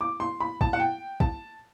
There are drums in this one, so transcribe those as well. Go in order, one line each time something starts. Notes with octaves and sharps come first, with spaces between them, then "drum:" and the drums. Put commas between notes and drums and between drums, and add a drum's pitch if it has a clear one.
D6
C6
B5
A5, drum: kick
F#5
G5
A5, drum: kick